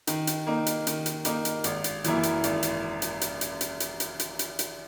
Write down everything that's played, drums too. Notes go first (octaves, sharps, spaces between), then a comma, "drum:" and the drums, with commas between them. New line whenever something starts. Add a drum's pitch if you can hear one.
D#3, drum: hi-hat
drum: hi-hat
A#3 D#4
drum: hi-hat
D#3, drum: hi-hat
drum: hi-hat
A#3 D#4, drum: hi-hat
drum: hi-hat
G#1, drum: hi-hat
drum: hi-hat
F#2 E3 A#3 E4, drum: hi-hat
drum: hi-hat
G#1, drum: hi-hat
drum: hi-hat
drum: hi-hat
drum: hi-hat
drum: hi-hat
drum: hi-hat
drum: hi-hat
drum: hi-hat
drum: hi-hat
drum: hi-hat
drum: hi-hat